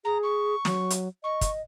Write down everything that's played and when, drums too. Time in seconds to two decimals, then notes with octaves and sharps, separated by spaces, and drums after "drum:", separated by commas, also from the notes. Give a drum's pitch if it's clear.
0.05 G#4 A#5
0.23 C#6
0.65 F#3, drum: snare
0.90 drum: hi-hat
1.24 D#5 C#6
1.41 drum: kick, hi-hat